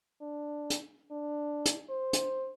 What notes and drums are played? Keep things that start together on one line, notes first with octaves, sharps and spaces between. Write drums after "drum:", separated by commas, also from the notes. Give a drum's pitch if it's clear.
D4
drum: hi-hat
D4
drum: hi-hat
C5
drum: hi-hat